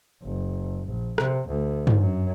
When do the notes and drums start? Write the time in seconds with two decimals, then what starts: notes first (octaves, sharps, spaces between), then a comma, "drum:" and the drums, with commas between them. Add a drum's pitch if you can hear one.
0.23 F#1
0.87 A#1
1.18 C3, drum: rim click
1.48 D2
1.87 drum: tom G2
2.00 F#2